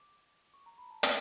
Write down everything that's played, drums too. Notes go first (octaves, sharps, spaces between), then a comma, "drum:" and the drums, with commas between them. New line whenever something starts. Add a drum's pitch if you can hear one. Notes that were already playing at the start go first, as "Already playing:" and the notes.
Already playing: D6
C#6
A#5
B5
A5
G#5, drum: hi-hat